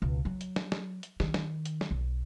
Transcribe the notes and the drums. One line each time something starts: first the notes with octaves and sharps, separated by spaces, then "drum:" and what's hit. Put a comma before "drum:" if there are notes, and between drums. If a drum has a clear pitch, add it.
C#2 B2
F#3
drum: hi-hat
drum: snare
drum: snare
drum: hi-hat
D#3, drum: snare
drum: snare
drum: hi-hat
drum: snare
B1